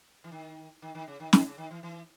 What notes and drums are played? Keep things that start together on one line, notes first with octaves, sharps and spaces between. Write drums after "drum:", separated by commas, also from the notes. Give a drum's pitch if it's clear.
E3
D#3
D#3
D#3
C#3
D#3
D#3, drum: snare
C#3
D#3
E3
E3